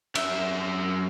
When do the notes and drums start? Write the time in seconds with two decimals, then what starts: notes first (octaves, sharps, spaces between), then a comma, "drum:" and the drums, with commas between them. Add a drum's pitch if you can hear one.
0.15 F#2 E5, drum: cymbal